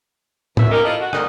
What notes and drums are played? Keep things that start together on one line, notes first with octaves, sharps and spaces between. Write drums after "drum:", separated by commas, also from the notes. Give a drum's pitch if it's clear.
F#2 E3 E5, drum: tom
A#3 C#4 D#4 G4 A#4
E4 F4 A4 A#4 C5 D#5
F#4
F2 G#2 D3 D#4 A#4, drum: rim click